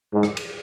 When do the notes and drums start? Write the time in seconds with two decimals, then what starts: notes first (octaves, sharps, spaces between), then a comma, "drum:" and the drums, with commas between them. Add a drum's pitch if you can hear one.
0.14 G#2
0.23 drum: rim click
0.37 drum: cymbal